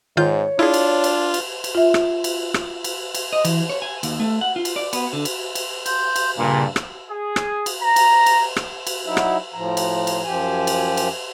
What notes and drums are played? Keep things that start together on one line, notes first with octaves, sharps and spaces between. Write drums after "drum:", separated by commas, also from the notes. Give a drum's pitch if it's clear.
G#2 D#3 F4 C#5 G6
D4 E4 F4 G#4
drum: cymbal
drum: cymbal
drum: cymbal
drum: cymbal
F4 E5
drum: rim click
drum: cymbal
drum: rim click
drum: cymbal
drum: cymbal
D#5
E3, drum: cymbal
C#5
G#5
D#2, drum: cymbal
A3
F#5
F4
drum: cymbal
D5
B3, drum: cymbal
D3
drum: cymbal
drum: cymbal
C6 G6, drum: cymbal
drum: cymbal
G2 A#2 C#3
drum: rim click
G#4
drum: rim click
drum: cymbal
A#5
drum: cymbal
drum: cymbal
drum: rim click
drum: cymbal
F#3 D#4 E4 E5
drum: rim click
A2 F3 A#5
drum: cymbal
drum: cymbal
F#2 F3 G4 G#5
drum: cymbal
drum: cymbal